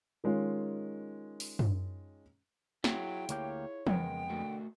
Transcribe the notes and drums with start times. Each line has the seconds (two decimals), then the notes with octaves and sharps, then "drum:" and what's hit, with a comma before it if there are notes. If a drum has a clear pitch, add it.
0.24 D#3 G#3 C#4 F4
1.40 drum: open hi-hat
1.59 drum: tom
2.84 F#3 E4 F4 G#4 G5, drum: snare
3.29 D2 A#3 G4 C#5, drum: hi-hat
3.87 F2 C#3 G#3 B3 A#4 G5, drum: tom
4.29 D3 A3 F#4 A#4